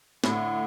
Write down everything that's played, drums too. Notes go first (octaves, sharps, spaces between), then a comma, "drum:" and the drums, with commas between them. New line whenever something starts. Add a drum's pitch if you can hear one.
A2 D3, drum: snare